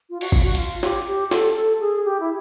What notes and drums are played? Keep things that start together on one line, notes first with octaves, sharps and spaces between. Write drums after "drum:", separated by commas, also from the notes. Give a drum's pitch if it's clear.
F4
F#4, drum: cymbal
F4, drum: kick
F#4
F4, drum: hi-hat
G4, drum: snare
G4
A4, drum: snare
A4
G#4
G4
E4